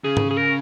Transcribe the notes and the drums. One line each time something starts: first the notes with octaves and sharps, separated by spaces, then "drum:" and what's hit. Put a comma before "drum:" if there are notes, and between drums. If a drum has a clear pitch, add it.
C#3 G#4
drum: tom G#2
G#4
A#4